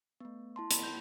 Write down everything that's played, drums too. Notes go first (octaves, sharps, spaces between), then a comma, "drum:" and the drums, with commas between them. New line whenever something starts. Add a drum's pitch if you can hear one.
A3 B3
E4 A5 C6
B5, drum: hi-hat
G6